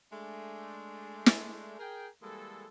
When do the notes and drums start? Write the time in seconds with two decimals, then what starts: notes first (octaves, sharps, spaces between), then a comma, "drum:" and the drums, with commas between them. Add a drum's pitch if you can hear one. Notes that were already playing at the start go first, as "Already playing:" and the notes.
0.12 G#3 A3 D4
1.26 drum: snare
1.79 G#4 A#4 G5
2.22 E3 G3 G#3 A#3 A4